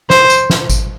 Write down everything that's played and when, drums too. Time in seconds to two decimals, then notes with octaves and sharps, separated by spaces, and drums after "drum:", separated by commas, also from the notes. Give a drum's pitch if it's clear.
0.10 C5, drum: snare
0.30 drum: tambourine
0.50 drum: snare
0.70 drum: kick G#1, tambourine